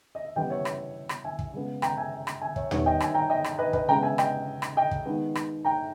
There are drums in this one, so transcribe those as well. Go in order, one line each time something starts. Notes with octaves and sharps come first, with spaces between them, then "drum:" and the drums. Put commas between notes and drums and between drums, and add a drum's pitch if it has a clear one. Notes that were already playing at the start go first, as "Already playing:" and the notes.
D#5
E5
C#3 E3 G3 B3 D#5 G5
C#5 E5
drum: rim click
drum: rim click
E5 G#5
drum: kick
C#3 G#3 B3
G5 A#5, drum: rim click
E5 G#5
drum: rim click
E5 G#5
C#5 E5, drum: kick
D#3 G3 B3 C#5 E5, drum: tom
D#5 G5
E5 G#5, drum: rim click
G5 A#5
D#5 G5
drum: rim click
B4 D#5
B4 D#5, drum: kick
C#3 G#3 B3 G5 A#5
E5 G#5
D#5 G5, drum: rim click
drum: rim click
D#5 G5
drum: kick
D#3 G#3 B3
drum: rim click
G5 A#5